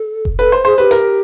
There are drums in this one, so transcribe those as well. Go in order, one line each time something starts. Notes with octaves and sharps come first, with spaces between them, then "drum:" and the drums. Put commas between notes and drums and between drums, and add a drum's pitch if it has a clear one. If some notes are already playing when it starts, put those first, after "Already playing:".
Already playing: A4
drum: kick F1
A4 B4
C5
G#4 C5
G4 B4
A#4, drum: hi-hat